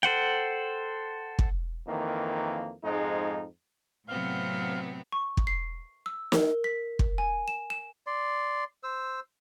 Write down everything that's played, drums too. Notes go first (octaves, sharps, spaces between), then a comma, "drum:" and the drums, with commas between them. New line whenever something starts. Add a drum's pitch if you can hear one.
A4 C5 F#5 G5
drum: kick
F2 D#3 E3 A#3
F2 G#2 G#3 D#4
A2 C3 F#3 B3 C4 F5
C#6
drum: kick
C7
E6
A#4, drum: snare
B6
drum: kick
G#5
E7
E7
D5 C6
C5 E6